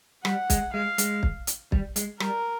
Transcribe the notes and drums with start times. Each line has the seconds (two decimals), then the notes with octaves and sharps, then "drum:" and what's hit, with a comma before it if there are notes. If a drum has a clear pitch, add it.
0.25 G3 F#5, drum: rim click
0.50 G#3, drum: kick, hi-hat
0.74 G#3 F5
0.98 G#3, drum: hi-hat
1.23 drum: kick
1.47 drum: hi-hat
1.72 G3, drum: kick
1.96 G#3, drum: hi-hat
2.20 G3 A#4, drum: rim click